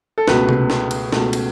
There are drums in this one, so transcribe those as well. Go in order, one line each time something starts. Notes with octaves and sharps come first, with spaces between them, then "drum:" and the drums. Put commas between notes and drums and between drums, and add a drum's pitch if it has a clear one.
A4
C#2 B2 A3 B4, drum: snare
drum: tom C3
drum: snare
drum: cymbal
C#2 B2 A3, drum: snare
drum: cymbal